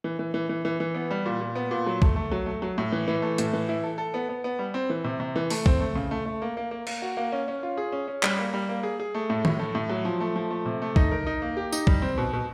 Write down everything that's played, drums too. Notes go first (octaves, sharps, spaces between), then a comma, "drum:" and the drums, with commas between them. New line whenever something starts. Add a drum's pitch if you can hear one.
E3
E3
E3
E3
E3
E3
B3
G3
A#2
A#2
B3
A#2
F#3
A3, drum: kick
A3
F#3
A3
F#3
A2
E3
E3
A3
A2, drum: hi-hat
E3
E4
A4
A4
B3
B3
B3
G3
C4
E3
C3
C3
E3
A3, drum: open hi-hat
C4, drum: kick
A3
C#3
A3
A3
A#3
A#3
A#3
A#3, drum: cymbal
F#4
A#3
C#4
C#4
F4
G#4
C#4
C#4
G3, drum: clap
A#3
G3
A#3
G#4
G#4
A3
A2
A2, drum: tom D#3
A3
A2
F#3
F3
A3
F3
A3
C3
A3
D#4, drum: kick
A#4
D#4
A#3
G4
D#4, drum: tambourine
G3, drum: kick
C4
B2
B2